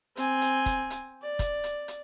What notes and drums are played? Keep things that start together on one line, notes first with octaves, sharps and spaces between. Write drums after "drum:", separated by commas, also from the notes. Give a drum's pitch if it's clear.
C4 G#5, drum: hi-hat
drum: hi-hat
drum: kick, hi-hat
drum: hi-hat
D5
drum: kick, hi-hat
drum: hi-hat
drum: hi-hat